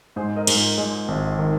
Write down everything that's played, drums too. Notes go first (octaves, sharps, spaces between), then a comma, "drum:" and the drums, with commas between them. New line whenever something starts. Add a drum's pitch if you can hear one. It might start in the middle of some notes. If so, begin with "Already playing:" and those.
G#2 G#4 C5
A#4 D#5
G#2, drum: cymbal
F4 A#4
G#3 D#4 G#4
G#1
D#3